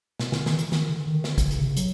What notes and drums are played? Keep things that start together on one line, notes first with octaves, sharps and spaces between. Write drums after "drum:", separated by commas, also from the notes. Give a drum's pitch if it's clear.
B2, drum: snare
D3, drum: snare
D#3, drum: snare
E3, drum: hi-hat
D#3, drum: snare
D3
D#3
D3, drum: snare
drum: kick, hi-hat
C#3, drum: hi-hat
C3
C#3
F#3, drum: hi-hat